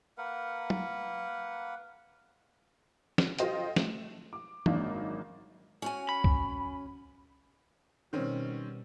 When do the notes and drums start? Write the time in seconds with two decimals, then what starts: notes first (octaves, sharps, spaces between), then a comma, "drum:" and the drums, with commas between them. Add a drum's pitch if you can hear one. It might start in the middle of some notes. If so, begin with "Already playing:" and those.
0.18 A#3 A#4 B4 F#5
0.70 drum: tom
3.18 drum: snare
3.39 F4 F#4 A4 C5 D#5 G5, drum: hi-hat
3.76 A3 E7, drum: snare
4.33 D6
4.66 G#1 F#2 A#3 D4 D#4, drum: tom E3
5.82 C#4 F#4 G#5
6.09 B5
6.24 drum: kick C2
8.13 B2 D#3 G3 C4 C#4